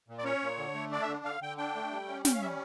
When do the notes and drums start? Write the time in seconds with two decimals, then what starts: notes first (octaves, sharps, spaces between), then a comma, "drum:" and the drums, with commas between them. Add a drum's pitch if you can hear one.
0.08 A#2
0.18 D5
0.24 C#4 C#5
0.42 A#2
0.58 D3
0.74 A3
0.91 D4 D5
1.02 E5
1.08 D3
1.25 D3 F5
1.41 D3 G5
1.58 D4 G5
1.76 A3
1.91 G3
2.08 C#4
2.25 C#4 G5, drum: snare
2.34 F5
2.41 G3 E5